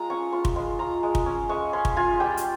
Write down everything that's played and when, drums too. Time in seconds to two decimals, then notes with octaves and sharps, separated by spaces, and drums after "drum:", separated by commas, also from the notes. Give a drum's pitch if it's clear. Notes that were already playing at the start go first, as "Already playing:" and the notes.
Already playing: G#3 F4 A#5
0.10 C#4 C#6
0.33 F4 C6
0.45 drum: kick
0.56 G#3 C6
0.79 F4 A#5
1.03 G#3
1.15 drum: kick
1.26 C#4
1.49 G#3 C#6
1.73 C#4 C6
1.85 drum: kick
1.97 F4 G#5
2.20 G3 G5
2.37 drum: hi-hat